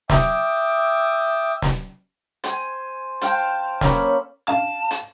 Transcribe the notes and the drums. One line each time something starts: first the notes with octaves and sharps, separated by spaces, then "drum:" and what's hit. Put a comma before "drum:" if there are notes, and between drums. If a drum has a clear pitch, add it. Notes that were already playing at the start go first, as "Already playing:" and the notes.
E5 G5 D6 D#6, drum: snare
drum: snare
C5 G#5, drum: hi-hat
C5 F5 G5 A5, drum: hi-hat
A#3 C#4 A4 B5, drum: snare
F5 A5
drum: hi-hat